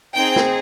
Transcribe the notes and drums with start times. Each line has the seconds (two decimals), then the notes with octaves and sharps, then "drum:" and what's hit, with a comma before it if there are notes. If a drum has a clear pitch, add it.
0.15 C4 D#4 G#4 G5
0.36 drum: snare